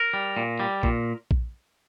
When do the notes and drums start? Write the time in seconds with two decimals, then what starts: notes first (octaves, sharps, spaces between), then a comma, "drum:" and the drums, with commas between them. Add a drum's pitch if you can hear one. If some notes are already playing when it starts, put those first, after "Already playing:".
Already playing: A#4
0.14 G3
0.37 A#2
0.60 G3
0.83 A#2, drum: kick A#1
1.31 drum: kick A#1